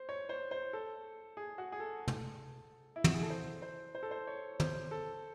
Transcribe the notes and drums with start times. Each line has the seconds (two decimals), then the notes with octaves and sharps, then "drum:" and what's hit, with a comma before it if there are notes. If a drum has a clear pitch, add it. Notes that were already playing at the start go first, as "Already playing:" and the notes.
Already playing: C5
0.09 C#5
0.29 C5
0.51 C5
0.73 A4
1.37 G#4
1.58 F#4
1.72 G#4
1.80 A4
2.08 drum: tom
2.96 E4
3.04 F#4, drum: tom
3.14 G#4
3.22 A4
3.30 C5
3.62 C5
3.95 C5
4.03 A4
4.11 C5
4.27 C#5
4.60 C5, drum: tom
4.91 A4